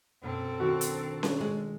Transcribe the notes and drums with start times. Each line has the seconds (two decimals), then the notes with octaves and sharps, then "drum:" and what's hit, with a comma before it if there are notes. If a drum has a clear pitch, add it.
0.23 F#2 B2 C4 A4
0.60 D#3 D4 F4 F#4
0.81 drum: hi-hat
1.23 drum: snare C#4
1.41 G#3